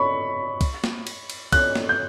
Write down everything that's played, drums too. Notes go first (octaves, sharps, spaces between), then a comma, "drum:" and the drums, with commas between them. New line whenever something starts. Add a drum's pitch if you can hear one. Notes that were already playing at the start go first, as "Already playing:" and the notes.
Already playing: B5 C#6
drum: kick, cymbal
drum: snare
drum: cymbal
drum: cymbal
F#6, drum: kick, cymbal
drum: snare
G6